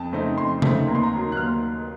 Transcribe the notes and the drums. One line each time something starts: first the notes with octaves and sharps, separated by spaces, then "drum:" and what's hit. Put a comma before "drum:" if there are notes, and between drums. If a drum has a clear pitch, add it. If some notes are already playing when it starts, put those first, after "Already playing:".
Already playing: F2 A5
C#3 A3 C4 D#4
F2 C6
C#3 A3 C4 D#4, drum: tom C3
D#2 A#5
C6
A#5
D#3 F#3
F#6
D#2 F6